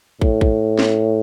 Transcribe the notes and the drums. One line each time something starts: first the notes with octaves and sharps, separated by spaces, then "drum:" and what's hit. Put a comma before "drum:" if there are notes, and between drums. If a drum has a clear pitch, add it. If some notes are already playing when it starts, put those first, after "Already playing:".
A2, drum: kick
drum: kick
drum: snare